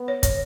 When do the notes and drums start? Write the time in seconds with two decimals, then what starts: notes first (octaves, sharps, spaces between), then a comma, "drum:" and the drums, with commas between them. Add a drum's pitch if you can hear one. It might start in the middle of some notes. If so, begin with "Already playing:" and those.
Already playing: B3
0.08 C#5
0.23 C#5, drum: kick, hi-hat